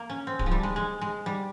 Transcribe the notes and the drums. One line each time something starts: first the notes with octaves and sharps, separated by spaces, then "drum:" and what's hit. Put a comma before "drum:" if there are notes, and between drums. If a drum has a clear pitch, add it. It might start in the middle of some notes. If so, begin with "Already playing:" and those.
Already playing: A#3
C#4
C4
G#3, drum: kick D1
F3
G3
G#3
G#3
G#3
G3